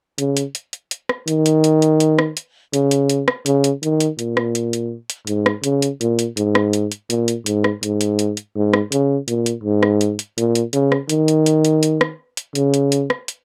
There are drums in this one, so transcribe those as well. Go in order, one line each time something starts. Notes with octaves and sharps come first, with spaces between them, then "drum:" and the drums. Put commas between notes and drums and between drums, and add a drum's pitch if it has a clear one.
C#3, drum: hi-hat
drum: hi-hat
drum: hi-hat
drum: hi-hat
drum: hi-hat
drum: rim click
D#3, drum: hi-hat
drum: hi-hat
drum: hi-hat
drum: hi-hat
drum: hi-hat
drum: rim click
drum: hi-hat
C#3, drum: hi-hat
drum: hi-hat
drum: hi-hat
drum: rim click
C#3, drum: hi-hat
drum: hi-hat
D#3, drum: hi-hat
drum: hi-hat
A#2, drum: hi-hat
drum: rim click
drum: hi-hat
drum: hi-hat
drum: hi-hat
G#2, drum: hi-hat
drum: rim click
C#3, drum: hi-hat
drum: hi-hat
A#2, drum: hi-hat
drum: hi-hat
G#2, drum: hi-hat
drum: rim click
drum: hi-hat
drum: hi-hat
A#2, drum: hi-hat
drum: hi-hat
G#2, drum: hi-hat
drum: rim click
G#2, drum: hi-hat
drum: hi-hat
drum: hi-hat
drum: hi-hat
G#2
drum: rim click
C#3, drum: hi-hat
A#2, drum: hi-hat
drum: hi-hat
G#2
drum: rim click
drum: hi-hat
drum: hi-hat
A#2, drum: hi-hat
drum: hi-hat
C#3, drum: hi-hat
drum: rim click
D#3, drum: hi-hat
drum: hi-hat
drum: hi-hat
drum: hi-hat
drum: hi-hat
drum: rim click
drum: hi-hat
C#3, drum: hi-hat
drum: hi-hat
drum: hi-hat
drum: rim click
drum: hi-hat